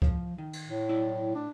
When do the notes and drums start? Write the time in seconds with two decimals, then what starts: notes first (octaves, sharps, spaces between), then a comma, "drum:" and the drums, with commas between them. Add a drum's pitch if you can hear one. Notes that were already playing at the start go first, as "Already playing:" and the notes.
0.02 F3, drum: kick C#2
0.38 D#3
0.53 drum: cymbal
0.67 A2
0.89 B1 E4 D5
1.35 A2 D4